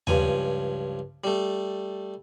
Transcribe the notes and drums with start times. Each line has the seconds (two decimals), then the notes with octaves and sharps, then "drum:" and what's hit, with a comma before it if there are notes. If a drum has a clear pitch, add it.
0.07 C#2 G2 F3 G#5, drum: tom D#2
1.24 G3 A3